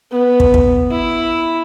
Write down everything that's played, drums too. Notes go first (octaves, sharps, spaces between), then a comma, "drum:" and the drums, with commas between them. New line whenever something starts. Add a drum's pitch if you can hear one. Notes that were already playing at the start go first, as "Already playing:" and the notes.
B3
drum: kick
drum: kick
E4